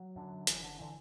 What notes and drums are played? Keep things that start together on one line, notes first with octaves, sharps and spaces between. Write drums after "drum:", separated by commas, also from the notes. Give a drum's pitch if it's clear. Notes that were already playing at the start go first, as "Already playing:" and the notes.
Already playing: F#3
F#2 D3
F#1 E3, drum: hi-hat
D3
D3 E3